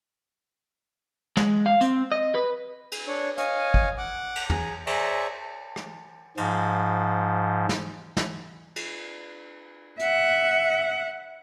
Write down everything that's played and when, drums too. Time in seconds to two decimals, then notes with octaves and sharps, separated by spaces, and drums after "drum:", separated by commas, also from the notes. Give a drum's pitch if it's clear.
1.37 G#3, drum: snare
1.66 F5
1.81 C4, drum: hi-hat
2.12 D#5
2.35 B4
2.92 drum: cymbal
3.07 D4 C#5
3.38 C#5 D#5 F5 G#5, drum: hi-hat
3.74 drum: kick
3.98 F#5 D6
4.35 drum: cymbal
4.50 G#4 A#5, drum: tom
4.87 G#4 C5 D5 E5 A#5 C#6, drum: cymbal
5.76 drum: rim click
6.37 G#2 F3, drum: cymbal
7.69 drum: snare
8.17 drum: snare
8.76 drum: cymbal
9.99 E5 F#5, drum: hi-hat